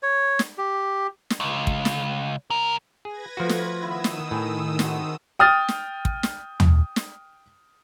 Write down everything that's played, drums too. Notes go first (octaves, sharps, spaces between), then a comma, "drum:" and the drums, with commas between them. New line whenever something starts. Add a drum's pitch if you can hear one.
C#5
drum: snare
G4
drum: snare
C#2
drum: kick
drum: snare
C2 A#4
G#4 B4 G#6 A#6
F3 A3 F4 F#4
drum: snare
D#3 B3 E4 B4 D#6 E6
drum: snare
A2 G#4 G#5 A#5
C4 F#4 A5, drum: snare
G5 D#6 F6 A6
drum: snare
drum: kick
drum: snare
drum: tom
drum: snare